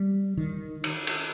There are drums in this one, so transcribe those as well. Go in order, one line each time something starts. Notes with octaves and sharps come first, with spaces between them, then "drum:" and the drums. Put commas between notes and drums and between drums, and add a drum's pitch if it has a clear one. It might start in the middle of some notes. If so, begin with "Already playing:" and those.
Already playing: G3
D#3
drum: cymbal
drum: cymbal